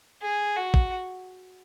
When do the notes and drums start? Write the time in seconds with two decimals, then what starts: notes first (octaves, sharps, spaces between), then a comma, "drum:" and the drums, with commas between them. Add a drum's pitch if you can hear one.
0.22 G#4
0.56 F#4
0.74 drum: kick